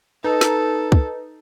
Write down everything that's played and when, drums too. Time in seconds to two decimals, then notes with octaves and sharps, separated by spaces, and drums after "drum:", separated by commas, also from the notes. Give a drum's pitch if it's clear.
0.24 D#4 A4 B4
0.41 drum: snare
0.92 drum: kick